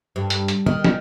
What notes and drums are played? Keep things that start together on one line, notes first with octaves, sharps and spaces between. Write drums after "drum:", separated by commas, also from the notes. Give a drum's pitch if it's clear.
G2
drum: hi-hat
drum: hi-hat
D#3, drum: tom
drum: snare